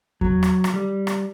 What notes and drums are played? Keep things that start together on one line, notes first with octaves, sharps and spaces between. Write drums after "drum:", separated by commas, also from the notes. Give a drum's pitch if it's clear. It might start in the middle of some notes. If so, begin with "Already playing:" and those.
F#3, drum: kick E2
drum: rim click
drum: rim click
G3
drum: rim click